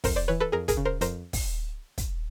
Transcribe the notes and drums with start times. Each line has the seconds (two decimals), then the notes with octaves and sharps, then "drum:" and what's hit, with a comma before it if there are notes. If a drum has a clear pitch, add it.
0.04 F2 A#4 C5, drum: kick, open hi-hat
0.16 C5 D5
0.28 E3 B4 C#5
0.40 A4 B4
0.52 F2 G#4 A#4
0.68 G#4 A#4, drum: kick, hi-hat
0.77 C#3
0.85 A#4 C5
1.01 F2 A#4 C5, drum: hi-hat
1.33 drum: kick, open hi-hat
1.98 drum: kick, hi-hat